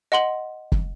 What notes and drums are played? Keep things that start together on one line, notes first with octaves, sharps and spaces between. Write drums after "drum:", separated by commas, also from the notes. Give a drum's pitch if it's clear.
D#5 F#5 C6 F#7
drum: kick